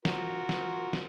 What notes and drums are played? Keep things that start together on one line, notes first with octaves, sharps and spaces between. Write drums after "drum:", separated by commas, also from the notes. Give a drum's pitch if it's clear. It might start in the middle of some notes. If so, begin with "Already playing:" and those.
F4 F#4 A#4, drum: snare
drum: snare
drum: snare